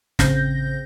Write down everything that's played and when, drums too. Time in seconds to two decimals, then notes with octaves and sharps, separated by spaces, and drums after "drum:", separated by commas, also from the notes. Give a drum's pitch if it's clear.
0.19 A1 C#3 C4 G6 A#6, drum: snare